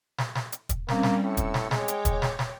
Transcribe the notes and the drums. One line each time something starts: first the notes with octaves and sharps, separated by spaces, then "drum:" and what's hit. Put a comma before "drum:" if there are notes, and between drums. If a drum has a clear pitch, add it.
drum: snare
drum: snare
drum: hi-hat
drum: kick, hi-hat
G3 A#3 C4 C#4, drum: snare
drum: snare
A2 E6 C#7
drum: kick, hi-hat
drum: snare
G#3 C#5 G5 D6, drum: snare
drum: hi-hat
drum: kick, hi-hat
drum: snare
drum: snare